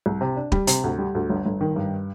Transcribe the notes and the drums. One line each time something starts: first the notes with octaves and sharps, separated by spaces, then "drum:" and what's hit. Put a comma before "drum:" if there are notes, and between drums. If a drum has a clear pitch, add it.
C2
C3
D4
G3, drum: kick
C3, drum: hi-hat
D2
G3
D2
G1
G1
D#3
G2